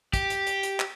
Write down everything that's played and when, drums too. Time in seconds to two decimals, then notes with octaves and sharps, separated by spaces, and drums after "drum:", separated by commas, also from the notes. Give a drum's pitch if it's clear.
0.13 G4, drum: kick, hi-hat
0.30 drum: hi-hat
0.47 drum: hi-hat
0.63 drum: hi-hat
0.80 drum: clap